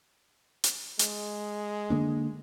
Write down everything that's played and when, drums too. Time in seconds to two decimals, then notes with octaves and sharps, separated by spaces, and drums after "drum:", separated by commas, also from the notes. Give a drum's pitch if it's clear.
0.64 drum: hi-hat
0.99 G#3, drum: hi-hat
1.90 D3 A#3 D4